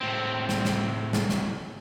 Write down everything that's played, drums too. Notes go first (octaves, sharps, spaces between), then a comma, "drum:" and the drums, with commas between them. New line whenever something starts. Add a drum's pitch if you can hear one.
A2 C4
drum: snare
drum: snare
drum: snare
drum: snare